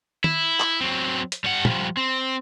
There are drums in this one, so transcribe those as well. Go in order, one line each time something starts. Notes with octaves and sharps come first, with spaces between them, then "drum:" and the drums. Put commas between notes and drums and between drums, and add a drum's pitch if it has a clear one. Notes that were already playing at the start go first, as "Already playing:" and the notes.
E4, drum: tom
drum: clap
F#3 C4
drum: hi-hat
G3 F#5
F3 G3, drum: tom
C4